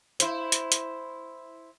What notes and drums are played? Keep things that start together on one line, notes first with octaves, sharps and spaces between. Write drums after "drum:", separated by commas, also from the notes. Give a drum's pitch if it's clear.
E4 C5, drum: hi-hat
drum: hi-hat
drum: hi-hat